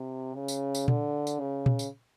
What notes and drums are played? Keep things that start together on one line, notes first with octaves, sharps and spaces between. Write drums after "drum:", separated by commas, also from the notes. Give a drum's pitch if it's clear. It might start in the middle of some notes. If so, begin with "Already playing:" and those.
Already playing: C3
C#3
drum: tambourine
drum: tambourine
D3, drum: tom A#2
drum: tambourine
C#3
drum: tom A#2
drum: tambourine